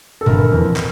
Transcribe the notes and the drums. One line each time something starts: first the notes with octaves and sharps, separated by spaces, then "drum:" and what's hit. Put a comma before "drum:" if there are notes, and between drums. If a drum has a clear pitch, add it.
A4
G1 A#4, drum: tom A#2
F2 E3
drum: clap